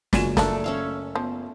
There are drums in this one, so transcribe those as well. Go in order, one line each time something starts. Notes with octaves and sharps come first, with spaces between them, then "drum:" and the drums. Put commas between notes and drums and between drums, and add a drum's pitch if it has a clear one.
F#1 G#3 F4 F#4 G#5 E7, drum: snare
A3 A#3 D4 D5, drum: snare
C#4 E5 F5
F3 B3